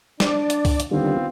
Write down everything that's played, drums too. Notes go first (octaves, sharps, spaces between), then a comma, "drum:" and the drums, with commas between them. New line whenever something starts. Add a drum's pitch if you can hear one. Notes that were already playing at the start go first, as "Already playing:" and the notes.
D4 D5, drum: snare
drum: hi-hat
drum: kick C2, open hi-hat
drum: hi-hat
D3 D#3 G3 B3 C4 F4